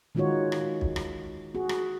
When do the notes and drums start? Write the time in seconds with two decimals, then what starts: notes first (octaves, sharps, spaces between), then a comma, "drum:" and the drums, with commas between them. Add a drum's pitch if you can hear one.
0.15 D#3 G#3 D#4 F4 F#4 C#5
0.52 drum: rim click
0.81 drum: kick
0.96 drum: rim click
1.55 F#4 G#4
1.69 drum: rim click